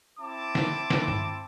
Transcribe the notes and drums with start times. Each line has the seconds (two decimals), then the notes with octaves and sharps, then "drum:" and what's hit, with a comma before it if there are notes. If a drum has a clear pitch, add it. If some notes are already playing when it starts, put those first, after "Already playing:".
0.20 C4 E4 A5 D6
0.55 drum: snare
0.90 drum: snare
1.08 drum: tom G2